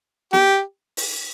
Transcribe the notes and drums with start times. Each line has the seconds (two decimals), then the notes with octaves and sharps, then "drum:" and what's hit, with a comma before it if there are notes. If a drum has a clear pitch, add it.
0.33 G4, drum: snare
0.97 drum: open hi-hat